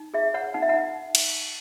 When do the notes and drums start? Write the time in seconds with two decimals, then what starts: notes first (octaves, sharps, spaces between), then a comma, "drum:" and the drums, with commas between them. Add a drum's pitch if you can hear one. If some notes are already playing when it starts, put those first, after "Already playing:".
Already playing: D#4
0.14 G#4 E5
0.34 C#5 F#5
0.54 D#4 F#5
0.62 E5
0.69 D#4 F#5
1.15 drum: cymbal